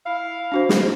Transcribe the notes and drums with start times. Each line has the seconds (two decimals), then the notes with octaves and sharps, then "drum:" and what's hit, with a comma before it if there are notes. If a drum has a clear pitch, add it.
0.06 E4 F5
0.52 D4 F#4 C5
0.69 drum: snare